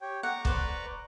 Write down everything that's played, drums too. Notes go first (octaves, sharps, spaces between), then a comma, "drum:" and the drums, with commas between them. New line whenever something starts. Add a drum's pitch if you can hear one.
G4 C#5 G5
F#5 A#5 C#6 D6
B4 C5 D5, drum: kick